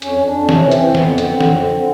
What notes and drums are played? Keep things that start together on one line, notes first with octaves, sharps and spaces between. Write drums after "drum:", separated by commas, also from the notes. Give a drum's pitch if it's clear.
F2 C#4, drum: hi-hat
F2
D4
F2
C3 C#4, drum: snare
E3
C4, drum: hi-hat
F2
F2 B3, drum: snare
D3
C4, drum: hi-hat
D3
F2, drum: snare
D3
D3